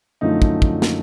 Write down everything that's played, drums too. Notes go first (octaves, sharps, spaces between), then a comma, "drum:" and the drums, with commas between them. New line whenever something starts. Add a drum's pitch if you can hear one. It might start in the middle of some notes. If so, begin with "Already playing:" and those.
F#2 D3 F3 A3 D#4
drum: kick
drum: kick
drum: snare